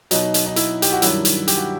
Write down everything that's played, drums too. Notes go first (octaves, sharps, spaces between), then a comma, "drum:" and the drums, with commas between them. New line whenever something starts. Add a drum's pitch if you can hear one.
B2 F#3 D#4, drum: hi-hat
drum: hi-hat
D#4
E4, drum: hi-hat
G4, drum: hi-hat
F#4
G2 D#3 F#3 E4, drum: hi-hat
drum: hi-hat
G4, drum: hi-hat
F#4